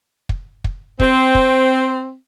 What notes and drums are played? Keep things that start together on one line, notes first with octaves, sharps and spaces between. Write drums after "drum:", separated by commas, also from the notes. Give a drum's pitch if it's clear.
drum: kick
drum: kick
C4, drum: kick
drum: kick